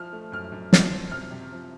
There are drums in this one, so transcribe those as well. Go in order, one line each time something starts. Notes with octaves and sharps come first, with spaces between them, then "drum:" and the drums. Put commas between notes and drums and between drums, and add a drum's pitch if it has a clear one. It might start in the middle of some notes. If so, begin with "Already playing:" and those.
Already playing: F3 F6
A3
F#2 F6
F#2
F3 F6, drum: snare
C4
C3 F6
C3
F3